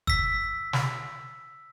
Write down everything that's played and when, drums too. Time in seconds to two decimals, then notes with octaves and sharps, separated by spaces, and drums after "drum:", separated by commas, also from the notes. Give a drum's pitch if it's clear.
0.07 E6 B6, drum: kick
0.73 drum: snare